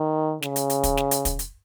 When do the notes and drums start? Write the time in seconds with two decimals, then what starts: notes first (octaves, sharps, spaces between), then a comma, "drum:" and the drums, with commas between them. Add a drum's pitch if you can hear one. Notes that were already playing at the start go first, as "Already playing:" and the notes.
Already playing: D#3
0.42 C#3, drum: snare
0.56 drum: hi-hat
0.70 drum: hi-hat
0.83 drum: kick, hi-hat
0.97 drum: snare
1.11 drum: hi-hat
1.25 drum: kick, hi-hat
1.39 drum: hi-hat